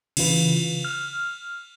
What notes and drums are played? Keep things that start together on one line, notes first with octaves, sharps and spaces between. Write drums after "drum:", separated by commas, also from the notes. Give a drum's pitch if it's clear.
C#3 E3 F4 B4, drum: cymbal
F6